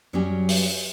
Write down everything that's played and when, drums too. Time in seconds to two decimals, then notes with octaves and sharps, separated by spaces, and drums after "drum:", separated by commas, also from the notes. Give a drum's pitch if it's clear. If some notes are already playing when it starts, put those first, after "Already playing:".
0.13 F#2 F#3 G3 C#4 G4 G#4
0.49 drum: open hi-hat